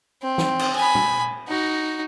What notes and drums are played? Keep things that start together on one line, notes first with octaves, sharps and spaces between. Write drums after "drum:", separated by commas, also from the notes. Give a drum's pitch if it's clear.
C4
drum: snare
drum: cymbal
G#5 B5
drum: tom A#2
D#4 F#4